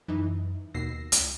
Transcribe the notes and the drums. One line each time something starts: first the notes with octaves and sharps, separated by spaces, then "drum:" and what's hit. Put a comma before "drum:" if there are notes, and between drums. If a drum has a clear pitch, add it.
F#2 E3 D#4
D#2 B2 E6 A#6 C7
C#2, drum: hi-hat